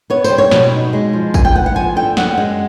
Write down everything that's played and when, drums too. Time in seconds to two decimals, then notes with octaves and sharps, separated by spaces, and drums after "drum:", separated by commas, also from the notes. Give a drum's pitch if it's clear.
0.10 B3 C#5
0.24 C5, drum: tambourine
0.30 G3
0.38 C#5
0.51 B2, drum: snare
0.72 D#4
0.93 G#3
1.13 F3
1.34 G#2 G#5, drum: kick, tambourine
1.45 G5
1.55 B3 F#5
1.66 F#5
1.76 F3 G#5
1.96 D3 G5
2.17 F#2 F#5, drum: snare
2.38 G#3